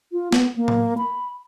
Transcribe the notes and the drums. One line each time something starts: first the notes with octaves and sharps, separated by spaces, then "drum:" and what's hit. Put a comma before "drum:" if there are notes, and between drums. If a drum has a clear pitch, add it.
F4
B3, drum: snare
A#3
drum: tom A2
B5